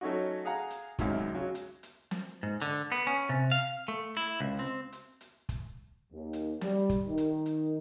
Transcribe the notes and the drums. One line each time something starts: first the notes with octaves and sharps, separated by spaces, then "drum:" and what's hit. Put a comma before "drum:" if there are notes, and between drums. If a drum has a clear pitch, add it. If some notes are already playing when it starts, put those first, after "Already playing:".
F#3 A3 C#4 D#4 F#4
G#4 F5 F#5 A#5
drum: hi-hat
C#2 F#2 C3 D#3 F#3, drum: kick, hi-hat
C#3 F#3
drum: hi-hat
drum: hi-hat
drum: snare
G#2
D3
B3
C#4
C3
F5
A3
E4
C#2
C4
drum: hi-hat
drum: hi-hat
drum: kick, hi-hat
D#2
drum: hi-hat
G3, drum: snare
drum: kick, hi-hat
D#3
drum: hi-hat
drum: hi-hat